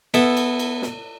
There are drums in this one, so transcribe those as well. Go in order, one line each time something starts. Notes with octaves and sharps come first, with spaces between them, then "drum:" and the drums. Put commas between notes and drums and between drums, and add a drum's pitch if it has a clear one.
B3 E4 A4, drum: cymbal
drum: cymbal
drum: cymbal
drum: snare